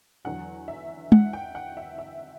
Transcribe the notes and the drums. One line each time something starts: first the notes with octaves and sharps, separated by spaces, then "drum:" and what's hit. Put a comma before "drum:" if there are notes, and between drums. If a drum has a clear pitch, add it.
E2 D3 F#3 F#5
E5
F#5, drum: tom G#3
G5
F#5
E5
E5